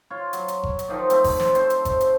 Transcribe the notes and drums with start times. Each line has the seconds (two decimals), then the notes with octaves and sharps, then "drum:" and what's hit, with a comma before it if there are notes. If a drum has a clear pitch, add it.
0.10 F4 C#5
0.33 F#3, drum: hi-hat
0.48 drum: hi-hat
0.63 drum: kick G1
0.79 drum: hi-hat
0.88 D#3 F3 D#4 D5
1.10 A3 C4, drum: hi-hat
1.24 drum: kick G1, open hi-hat
1.40 drum: snare
1.55 C4 A4 C5, drum: hi-hat
1.70 drum: hi-hat
1.85 drum: kick G1, hi-hat
2.00 drum: hi-hat